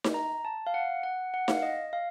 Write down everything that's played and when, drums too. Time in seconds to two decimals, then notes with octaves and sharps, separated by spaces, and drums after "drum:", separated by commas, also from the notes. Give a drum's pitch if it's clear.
0.04 drum: snare D#4
0.14 A#5
0.45 A5
0.67 F5
0.74 F#5
1.03 F#5
1.34 F#5
1.48 F5, drum: snare D#4
1.63 D#5
1.93 F5